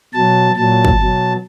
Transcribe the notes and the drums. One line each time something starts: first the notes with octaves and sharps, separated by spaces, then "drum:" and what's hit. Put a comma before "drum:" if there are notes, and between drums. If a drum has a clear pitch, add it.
B2 F#3 A5
A#2 F#3 A5
drum: kick G1
B2 F#3